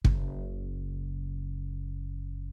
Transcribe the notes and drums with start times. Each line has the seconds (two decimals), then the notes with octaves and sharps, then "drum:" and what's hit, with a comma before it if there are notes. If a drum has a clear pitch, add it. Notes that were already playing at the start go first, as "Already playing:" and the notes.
0.05 F#1 C#3, drum: kick